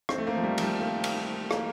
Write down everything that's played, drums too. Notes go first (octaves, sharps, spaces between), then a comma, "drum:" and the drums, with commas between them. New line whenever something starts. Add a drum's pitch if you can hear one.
C4, drum: rim click
A3
A#3
F3
G3
F3, drum: cymbal
G3
A#3
drum: cymbal
A#3, drum: rim click